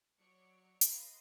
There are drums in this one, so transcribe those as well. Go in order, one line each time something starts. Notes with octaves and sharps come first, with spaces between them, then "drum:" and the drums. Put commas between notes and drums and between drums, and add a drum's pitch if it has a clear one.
F#3 C#5 D5 C#7
B4 D#5 F5 C6, drum: hi-hat